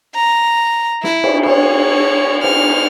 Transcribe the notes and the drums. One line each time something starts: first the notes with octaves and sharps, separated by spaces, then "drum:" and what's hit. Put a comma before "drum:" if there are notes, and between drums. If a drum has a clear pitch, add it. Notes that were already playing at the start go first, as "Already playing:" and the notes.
A#5
E4, drum: snare
drum: cymbal
C#5, drum: cymbal
F6, drum: cymbal